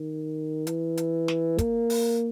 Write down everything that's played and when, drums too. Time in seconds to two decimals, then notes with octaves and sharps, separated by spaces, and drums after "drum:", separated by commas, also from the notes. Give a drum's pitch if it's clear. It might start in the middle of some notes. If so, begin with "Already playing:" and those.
Already playing: D#3
0.67 E3, drum: hi-hat
0.97 drum: hi-hat
1.28 drum: snare
1.58 A#3, drum: kick, hi-hat
1.90 drum: open hi-hat